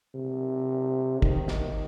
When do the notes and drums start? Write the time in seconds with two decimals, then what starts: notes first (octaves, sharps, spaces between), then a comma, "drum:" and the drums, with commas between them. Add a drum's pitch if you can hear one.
0.15 C3
1.22 D#3, drum: kick
1.48 drum: snare